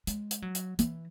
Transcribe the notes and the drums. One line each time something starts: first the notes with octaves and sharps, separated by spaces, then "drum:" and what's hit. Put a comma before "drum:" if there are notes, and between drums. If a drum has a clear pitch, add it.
G#3, drum: hi-hat
drum: hi-hat
F#3
drum: hi-hat
E3, drum: hi-hat